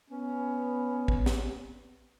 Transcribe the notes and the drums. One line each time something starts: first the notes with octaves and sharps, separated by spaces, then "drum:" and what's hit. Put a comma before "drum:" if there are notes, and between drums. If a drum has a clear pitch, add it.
B3 C#4
drum: kick
drum: snare